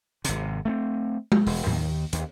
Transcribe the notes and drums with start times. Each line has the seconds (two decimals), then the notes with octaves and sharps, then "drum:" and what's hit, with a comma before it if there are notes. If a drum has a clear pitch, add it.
0.25 G#1 C3, drum: hi-hat
0.65 A3 A#3 C4
1.32 drum: tom G#3
1.46 E1, drum: open hi-hat
1.67 D#2 D#3, drum: tom A2
2.13 D#2, drum: hi-hat